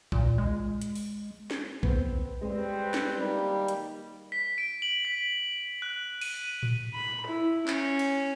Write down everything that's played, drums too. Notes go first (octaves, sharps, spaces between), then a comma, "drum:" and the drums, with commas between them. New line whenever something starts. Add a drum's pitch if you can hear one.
A#2, drum: kick A#1
G#3
drum: hi-hat
drum: open hi-hat
drum: snare
B3 C4, drum: kick A#1
G3 G#3 C4 B4
drum: snare
D#3 G3 A#3 D#4
drum: hi-hat
B6
D7
F#7
B6
F#6
D#7, drum: cymbal
drum: tom A2
B5
E4
C#4, drum: clap
drum: cymbal